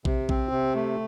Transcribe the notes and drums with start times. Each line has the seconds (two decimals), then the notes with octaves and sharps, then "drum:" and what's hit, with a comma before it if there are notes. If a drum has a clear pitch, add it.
0.05 C3, drum: kick A#1
0.29 C4, drum: kick A#1
0.51 C3
0.74 A3